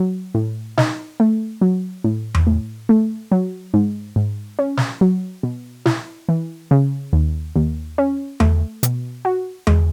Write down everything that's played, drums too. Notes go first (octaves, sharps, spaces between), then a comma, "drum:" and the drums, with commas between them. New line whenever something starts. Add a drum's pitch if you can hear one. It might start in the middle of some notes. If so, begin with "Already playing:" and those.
Already playing: F#3
A2
D#4, drum: snare
A3
F#3
A2
drum: tom E2
A2
A3
F#3
G#2
G#2
C#4
drum: snare
F#3
B2
E4, drum: snare
E3
C#3
D#2
D#2
C#4
A3, drum: tom E2
B2, drum: hi-hat
F#4
G#3, drum: tom E2